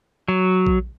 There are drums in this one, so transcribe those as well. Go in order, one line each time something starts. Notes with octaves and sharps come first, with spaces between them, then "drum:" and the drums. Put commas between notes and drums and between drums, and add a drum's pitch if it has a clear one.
F#3
drum: kick A#1